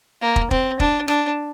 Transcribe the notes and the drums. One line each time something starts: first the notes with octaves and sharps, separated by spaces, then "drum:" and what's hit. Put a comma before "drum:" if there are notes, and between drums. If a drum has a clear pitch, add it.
A#3
drum: kick
C4, drum: kick
D4, drum: kick
D4, drum: rim click